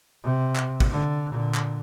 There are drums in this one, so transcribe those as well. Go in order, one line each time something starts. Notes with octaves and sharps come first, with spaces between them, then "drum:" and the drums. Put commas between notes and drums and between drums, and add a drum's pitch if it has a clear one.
C3
drum: clap
drum: kick G#1
D3
A#2 D3
drum: clap